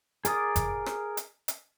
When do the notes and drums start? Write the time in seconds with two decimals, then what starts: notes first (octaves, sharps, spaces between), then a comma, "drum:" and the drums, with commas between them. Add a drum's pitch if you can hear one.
0.25 G#4 A#4 D5 D#6, drum: hi-hat
0.56 drum: kick F#1, hi-hat
0.86 drum: rim click
1.17 drum: hi-hat
1.48 drum: hi-hat